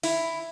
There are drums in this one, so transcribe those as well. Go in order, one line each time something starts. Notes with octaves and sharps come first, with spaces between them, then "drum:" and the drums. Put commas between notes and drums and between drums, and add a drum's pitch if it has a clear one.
E4, drum: open hi-hat